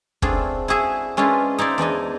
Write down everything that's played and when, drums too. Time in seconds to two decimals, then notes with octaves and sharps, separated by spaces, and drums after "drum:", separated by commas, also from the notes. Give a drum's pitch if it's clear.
0.22 A3 C4 D4 F4 G#4, drum: kick
0.68 E4 F#4 G#4 E5
1.17 G#3 C#4 D4 E4 F4 B4
1.58 D#4 E4 C5 D5
1.78 E2 D4 D#4 D#5